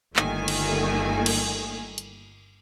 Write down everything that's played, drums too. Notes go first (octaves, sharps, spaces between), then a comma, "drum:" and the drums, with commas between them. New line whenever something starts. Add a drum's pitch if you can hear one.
G1 D#3 A3 A#3 G#5, drum: clap
drum: cymbal
drum: cymbal
drum: hi-hat